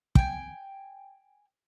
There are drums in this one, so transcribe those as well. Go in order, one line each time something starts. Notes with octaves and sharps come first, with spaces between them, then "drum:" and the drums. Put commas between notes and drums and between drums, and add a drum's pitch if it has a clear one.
G5 G#5, drum: kick